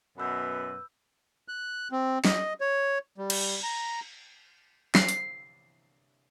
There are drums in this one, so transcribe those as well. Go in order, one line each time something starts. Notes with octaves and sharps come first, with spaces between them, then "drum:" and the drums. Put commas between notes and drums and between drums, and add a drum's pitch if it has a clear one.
F#2 B2 B4 B5 E6 G6
F#6
C4
D#5, drum: snare
C#5
G3
drum: cymbal
A#5
C7, drum: snare
drum: hi-hat